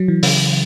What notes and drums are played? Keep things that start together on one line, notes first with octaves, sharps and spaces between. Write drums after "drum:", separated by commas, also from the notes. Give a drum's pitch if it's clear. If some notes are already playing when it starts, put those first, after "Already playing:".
Already playing: F#3
E3
C#3, drum: open hi-hat